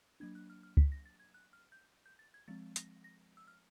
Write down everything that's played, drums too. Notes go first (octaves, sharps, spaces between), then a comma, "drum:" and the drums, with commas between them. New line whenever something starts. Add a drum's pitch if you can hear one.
F#3 A#3 D4 G#6
F#6
F6
F6
B6, drum: kick C#2
A#6
A6
G#6
F#6
F6
G6
G6
A6
G#6
F3 G#3 C4 A6
A#6, drum: hi-hat
A#6
E6
F6